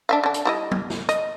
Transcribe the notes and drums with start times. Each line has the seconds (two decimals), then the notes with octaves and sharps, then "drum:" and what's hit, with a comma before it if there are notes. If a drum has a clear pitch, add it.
0.09 D4 E5 F5
0.23 D3 D4
0.34 drum: hi-hat
0.45 G3 E4 D#5
0.71 drum: tom F#3
0.90 drum: snare
1.09 D#5, drum: hi-hat